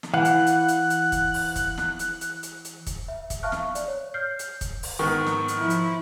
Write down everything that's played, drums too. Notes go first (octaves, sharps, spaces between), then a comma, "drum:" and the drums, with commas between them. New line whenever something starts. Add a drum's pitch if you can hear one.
drum: snare
E3 F5 F#5 F#6
drum: hi-hat
drum: hi-hat
drum: hi-hat
drum: hi-hat
drum: kick, hi-hat
drum: open hi-hat
drum: kick, hi-hat
drum: snare
drum: hi-hat
drum: hi-hat
drum: hi-hat
drum: hi-hat
drum: kick, hi-hat
E5
drum: kick, hi-hat
E5 F5 A5 C#6 F6 F#6
drum: snare
D5, drum: hi-hat
C#5
F6 G6 C7
drum: hi-hat
drum: kick, hi-hat
drum: open hi-hat
G#2 D#3 B3 C#6 F#6
drum: snare
drum: hi-hat
F3 E4
drum: hi-hat